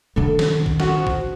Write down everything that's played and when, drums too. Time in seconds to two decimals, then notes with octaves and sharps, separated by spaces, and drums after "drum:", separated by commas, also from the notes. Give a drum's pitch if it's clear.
0.16 D3 D#3 A4
0.39 drum: snare
0.66 drum: kick
0.80 F3 G#3 F#4, drum: snare
1.07 drum: kick